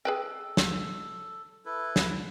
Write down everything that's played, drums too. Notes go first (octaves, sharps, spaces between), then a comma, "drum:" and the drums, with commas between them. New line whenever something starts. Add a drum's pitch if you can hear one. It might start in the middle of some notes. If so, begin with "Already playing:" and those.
G#4 A4 B4 G5
drum: snare
E4 A4 B4
drum: snare